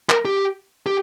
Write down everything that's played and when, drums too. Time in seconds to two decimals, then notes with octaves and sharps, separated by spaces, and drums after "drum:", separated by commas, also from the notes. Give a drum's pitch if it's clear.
0.10 A#4, drum: clap
0.25 G4
0.86 G4